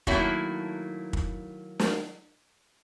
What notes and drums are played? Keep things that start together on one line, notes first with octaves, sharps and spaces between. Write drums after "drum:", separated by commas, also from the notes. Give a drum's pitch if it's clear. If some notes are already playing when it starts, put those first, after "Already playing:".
D#3 F#3 A3 A#3 E4, drum: kick
drum: kick
drum: snare